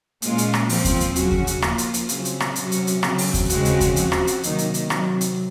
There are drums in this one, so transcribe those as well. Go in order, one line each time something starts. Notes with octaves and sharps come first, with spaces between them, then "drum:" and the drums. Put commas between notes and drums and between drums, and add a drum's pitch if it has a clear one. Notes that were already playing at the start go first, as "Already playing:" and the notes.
A#2 G#3 C#4 F4, drum: hi-hat
drum: hi-hat
drum: rim click
F3 C4 F4, drum: open hi-hat
drum: kick D#2, hi-hat
drum: hi-hat
C#3 F#3 C#4 F#4, drum: hi-hat
drum: kick D#2
drum: hi-hat
F3 A#3 F4, drum: rim click
drum: hi-hat
drum: hi-hat
C#3 F#3 C4, drum: hi-hat
drum: hi-hat
drum: rim click
C3 F#3 C#4 F#4, drum: hi-hat
drum: hi-hat
drum: hi-hat
C#3 F#3 C4, drum: rim click
drum: open hi-hat
drum: kick D#2, hi-hat
C#3 G#3 C4 F#4, drum: hi-hat
drum: hi-hat
drum: kick D#2, hi-hat
F3 C4 F#4, drum: hi-hat
drum: rim click
drum: hi-hat
C3 D#3 F#3 A#3 D#4, drum: hi-hat
drum: hi-hat
drum: hi-hat
C3 F#3 C4, drum: rim click
drum: hi-hat